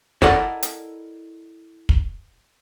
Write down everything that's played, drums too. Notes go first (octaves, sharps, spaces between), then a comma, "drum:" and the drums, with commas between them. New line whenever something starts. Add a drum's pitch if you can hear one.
E4 A4 A#4 D5 D#5 F#5, drum: snare
drum: hi-hat
drum: kick